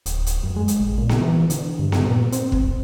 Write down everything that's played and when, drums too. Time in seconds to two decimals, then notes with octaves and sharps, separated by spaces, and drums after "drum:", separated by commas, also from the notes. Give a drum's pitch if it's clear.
0.06 D1, drum: hi-hat
0.27 drum: hi-hat
0.43 F#2
0.56 G#3
0.68 drum: hi-hat
0.80 A1
0.98 A#2
1.09 drum: snare B3
1.21 E3
1.50 D3, drum: hi-hat
1.79 G2
1.92 drum: snare B3
2.05 A#2
2.32 C4, drum: hi-hat
2.52 F1, drum: kick
2.65 F1